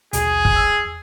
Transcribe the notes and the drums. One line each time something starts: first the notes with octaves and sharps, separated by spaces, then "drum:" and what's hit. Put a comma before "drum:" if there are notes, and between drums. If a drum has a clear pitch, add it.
A#1 D#2 B2 G#4, drum: hi-hat
drum: kick
E2 E6